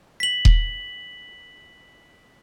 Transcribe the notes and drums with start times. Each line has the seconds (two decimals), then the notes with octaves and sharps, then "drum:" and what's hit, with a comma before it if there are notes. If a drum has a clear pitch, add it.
0.20 B6 F#7
0.45 drum: kick D#1